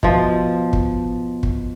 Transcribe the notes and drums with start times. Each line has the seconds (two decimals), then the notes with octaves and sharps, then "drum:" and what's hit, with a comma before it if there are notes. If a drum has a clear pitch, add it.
0.03 B2 F3, drum: kick
0.73 drum: kick
1.43 drum: kick